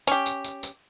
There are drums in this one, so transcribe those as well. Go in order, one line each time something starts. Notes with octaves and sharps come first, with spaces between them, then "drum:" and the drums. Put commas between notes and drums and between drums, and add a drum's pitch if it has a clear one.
C#4 G4, drum: tambourine
drum: tambourine
drum: tambourine
drum: tambourine